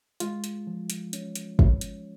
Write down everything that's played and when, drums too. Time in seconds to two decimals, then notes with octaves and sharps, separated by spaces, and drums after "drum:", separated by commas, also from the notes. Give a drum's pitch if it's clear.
0.20 G#3 F4, drum: hi-hat
0.44 drum: hi-hat
0.67 F3
0.90 drum: hi-hat
1.13 C#4, drum: hi-hat
1.35 drum: hi-hat
1.59 C#4, drum: kick
1.81 drum: hi-hat